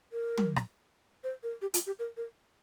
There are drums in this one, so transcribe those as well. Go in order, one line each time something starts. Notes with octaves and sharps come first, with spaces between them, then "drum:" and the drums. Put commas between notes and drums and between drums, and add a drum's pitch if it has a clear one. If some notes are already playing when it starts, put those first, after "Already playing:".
A#4
drum: tom
drum: rim click
C5
A#4
G4
F4, drum: hi-hat
G4
A#4
A#4